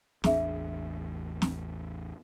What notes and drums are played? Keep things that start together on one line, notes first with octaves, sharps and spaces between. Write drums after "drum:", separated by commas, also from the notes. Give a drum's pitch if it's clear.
A1 E2 D4 G#4 E5, drum: snare
drum: snare